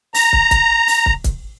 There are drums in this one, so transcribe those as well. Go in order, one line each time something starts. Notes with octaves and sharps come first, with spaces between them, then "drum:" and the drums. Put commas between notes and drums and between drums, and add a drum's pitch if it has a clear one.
A#5, drum: open hi-hat
drum: kick
drum: kick, hi-hat
drum: open hi-hat
drum: kick
drum: kick, hi-hat